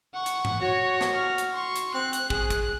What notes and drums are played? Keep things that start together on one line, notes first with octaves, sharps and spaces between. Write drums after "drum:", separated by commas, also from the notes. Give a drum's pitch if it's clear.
F#5 C#6
drum: hi-hat
drum: tom G#2
F#4 C#5
drum: snare
F6
drum: hi-hat
C6 C#6
drum: hi-hat
C4 F#6
drum: hi-hat
G#4, drum: kick
drum: kick, hi-hat